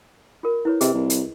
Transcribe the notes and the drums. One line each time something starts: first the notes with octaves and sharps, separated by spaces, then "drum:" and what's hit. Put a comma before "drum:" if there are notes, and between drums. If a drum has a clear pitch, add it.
F4 A#4
E4 B4 C#5
C3 G#4 B4 D#5, drum: hi-hat
C2
drum: hi-hat